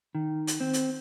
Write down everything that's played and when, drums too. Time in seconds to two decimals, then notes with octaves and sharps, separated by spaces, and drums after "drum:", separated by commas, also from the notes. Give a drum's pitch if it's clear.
0.15 D#3
0.47 drum: hi-hat
0.60 C4
0.73 drum: hi-hat